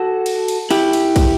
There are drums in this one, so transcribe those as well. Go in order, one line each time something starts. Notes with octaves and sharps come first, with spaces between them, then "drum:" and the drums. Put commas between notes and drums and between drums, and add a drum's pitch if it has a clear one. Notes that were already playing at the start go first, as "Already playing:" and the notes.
Already playing: F#4 A4
drum: cymbal
drum: cymbal
E4 G4, drum: cymbal
drum: cymbal
drum: kick, cymbal